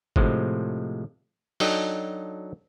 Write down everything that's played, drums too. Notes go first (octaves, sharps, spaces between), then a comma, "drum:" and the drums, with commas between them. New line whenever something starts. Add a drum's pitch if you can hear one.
A2 C3 F3 G#3, drum: kick G#1
F#3 D4 D#4 A4 D#5 G5, drum: open hi-hat